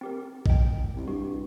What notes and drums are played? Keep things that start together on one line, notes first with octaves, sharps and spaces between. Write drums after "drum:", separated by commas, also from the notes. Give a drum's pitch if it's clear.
C4 G4 A#4
D#5 G5, drum: kick
C2
G2 F#4